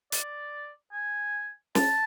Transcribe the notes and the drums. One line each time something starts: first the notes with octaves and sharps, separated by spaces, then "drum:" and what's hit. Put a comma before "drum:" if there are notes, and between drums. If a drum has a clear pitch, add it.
D5, drum: hi-hat
G#5
A5, drum: snare